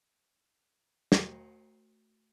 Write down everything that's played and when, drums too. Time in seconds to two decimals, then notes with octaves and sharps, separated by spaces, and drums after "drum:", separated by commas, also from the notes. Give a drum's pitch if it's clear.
1.12 A3 F#4 A#4 D#5, drum: snare